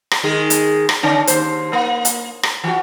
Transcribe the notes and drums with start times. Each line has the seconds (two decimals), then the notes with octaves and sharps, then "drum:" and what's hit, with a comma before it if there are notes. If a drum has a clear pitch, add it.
0.11 drum: rim click
0.24 D#3 G#3 G#4
0.50 drum: hi-hat
0.89 drum: rim click
1.03 D3 C#4 D4
1.27 D#2 C5, drum: hi-hat
1.73 A#3
2.05 drum: hi-hat
2.43 drum: rim click
2.64 E3 F#4